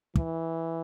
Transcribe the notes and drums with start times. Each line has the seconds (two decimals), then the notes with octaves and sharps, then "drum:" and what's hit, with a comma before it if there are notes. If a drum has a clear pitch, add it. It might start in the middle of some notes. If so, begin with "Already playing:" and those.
0.15 E3, drum: kick